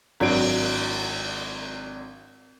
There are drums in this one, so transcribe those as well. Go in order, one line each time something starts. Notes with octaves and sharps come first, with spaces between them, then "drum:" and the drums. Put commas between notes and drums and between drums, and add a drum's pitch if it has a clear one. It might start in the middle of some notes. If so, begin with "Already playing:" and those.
G#1 F#3 D4 D7, drum: cymbal